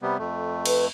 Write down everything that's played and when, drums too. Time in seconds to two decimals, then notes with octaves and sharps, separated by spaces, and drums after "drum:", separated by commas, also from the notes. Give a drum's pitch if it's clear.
0.02 C3 G3 B3
0.18 F2 A3
0.66 B4, drum: cymbal